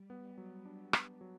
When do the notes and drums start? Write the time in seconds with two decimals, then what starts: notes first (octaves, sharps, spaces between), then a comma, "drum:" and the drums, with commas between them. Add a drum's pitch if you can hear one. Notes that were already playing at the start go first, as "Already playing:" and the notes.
Already playing: G3
0.10 B3
0.38 F#3
0.65 D4
0.93 B3, drum: rim click
1.21 F#3